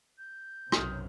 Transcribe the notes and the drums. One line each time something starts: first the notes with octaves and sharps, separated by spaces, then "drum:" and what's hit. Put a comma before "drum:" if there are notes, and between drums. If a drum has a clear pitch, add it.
G6
B1 F#2 C3 D#6 F6, drum: rim click